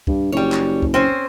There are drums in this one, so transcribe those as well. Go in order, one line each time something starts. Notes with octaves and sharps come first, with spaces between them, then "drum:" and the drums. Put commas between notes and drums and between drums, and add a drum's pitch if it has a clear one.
G2, drum: kick
F#1 G3 C#5
drum: clap
drum: kick
C4 C#4 C5